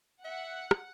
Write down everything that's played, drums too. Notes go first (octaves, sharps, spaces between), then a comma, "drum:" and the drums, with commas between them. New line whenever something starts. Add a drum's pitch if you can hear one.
E5 F#5
drum: rim click